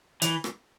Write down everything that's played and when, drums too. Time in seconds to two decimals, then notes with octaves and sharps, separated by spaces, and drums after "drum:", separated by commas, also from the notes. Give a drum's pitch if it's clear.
0.22 E3, drum: hi-hat
0.44 drum: rim click